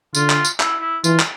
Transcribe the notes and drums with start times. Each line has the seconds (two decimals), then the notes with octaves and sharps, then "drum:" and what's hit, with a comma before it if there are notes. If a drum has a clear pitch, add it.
0.15 D3 F4, drum: tambourine
0.30 drum: clap
0.45 drum: tambourine
0.60 E4, drum: clap
0.81 E4
1.04 E3 F4, drum: tambourine
1.19 drum: clap